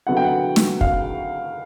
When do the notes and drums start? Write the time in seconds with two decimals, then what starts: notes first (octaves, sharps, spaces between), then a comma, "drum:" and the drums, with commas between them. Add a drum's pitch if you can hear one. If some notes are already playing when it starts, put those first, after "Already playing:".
0.07 D3 F#3 B3 E4 F#5
0.17 G5
0.24 F#5
0.56 drum: snare
0.81 F5, drum: kick